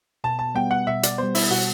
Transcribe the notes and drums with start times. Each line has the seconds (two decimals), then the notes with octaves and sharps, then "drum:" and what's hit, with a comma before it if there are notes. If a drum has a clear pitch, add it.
0.24 B2 A5
0.39 A5
0.55 G3 B3 G5
0.71 F#5
0.87 B2 E5
1.03 D5, drum: hi-hat
1.18 G3 B3 C5
1.35 E4, drum: open hi-hat
1.51 B2 F#4